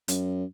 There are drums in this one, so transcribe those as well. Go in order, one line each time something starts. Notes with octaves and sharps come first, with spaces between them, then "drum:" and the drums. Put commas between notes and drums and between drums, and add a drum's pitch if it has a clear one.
F#2, drum: hi-hat